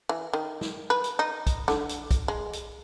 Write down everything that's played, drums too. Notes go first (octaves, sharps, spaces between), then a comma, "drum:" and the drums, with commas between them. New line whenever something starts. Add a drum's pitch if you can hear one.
E3
D#3
drum: snare
B4
drum: hi-hat
D#4
drum: kick, hi-hat
D3, drum: snare
drum: hi-hat
drum: kick, hi-hat
G#3
drum: hi-hat